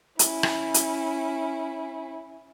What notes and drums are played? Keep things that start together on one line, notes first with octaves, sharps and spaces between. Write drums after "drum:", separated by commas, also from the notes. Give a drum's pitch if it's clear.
C#4 E4, drum: hi-hat
drum: rim click
drum: hi-hat